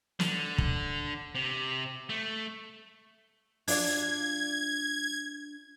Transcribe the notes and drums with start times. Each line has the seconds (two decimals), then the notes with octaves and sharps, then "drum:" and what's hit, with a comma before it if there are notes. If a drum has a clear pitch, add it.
0.20 D3, drum: snare
0.58 drum: kick
1.35 C3
2.09 A3
3.68 D4 F4 D5 G#6, drum: open hi-hat